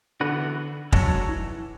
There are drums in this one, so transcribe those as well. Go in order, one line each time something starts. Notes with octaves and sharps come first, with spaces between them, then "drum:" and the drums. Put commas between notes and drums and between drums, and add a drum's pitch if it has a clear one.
D3 E3 B3 F#4 B4
F#3 G#3 D4 F#4 A4 C#5, drum: kick
E3